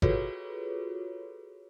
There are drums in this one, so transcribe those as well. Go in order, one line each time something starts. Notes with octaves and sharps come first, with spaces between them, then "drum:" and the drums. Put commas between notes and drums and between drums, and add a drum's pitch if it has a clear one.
F4 F#4 G#4 A4 B4 C#5, drum: kick G#1